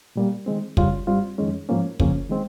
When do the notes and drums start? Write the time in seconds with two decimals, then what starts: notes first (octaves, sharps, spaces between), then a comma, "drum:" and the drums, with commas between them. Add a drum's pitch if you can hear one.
0.16 A#2 G3 A#3
0.46 D#3 G#3 C4
0.77 C#3 G3 C#4 F4, drum: kick
1.07 G2 G3 C4 F4
1.38 F2 D#3 G#3 C#4
1.69 G#2 F3 A#3 C#4
2.00 C#3 F3 A#3 C#4, drum: kick
2.30 D#3 G#3 C4